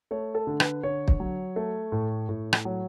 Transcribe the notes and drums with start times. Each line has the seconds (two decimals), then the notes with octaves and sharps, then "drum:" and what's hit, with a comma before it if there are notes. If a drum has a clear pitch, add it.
0.11 A3 C#5
0.35 A4
0.47 D3
0.60 B4, drum: rim click
0.83 D3 C#5
1.08 drum: kick
1.20 F#3
1.56 A3
1.92 A2
2.29 A2
2.53 drum: rim click
2.65 F#3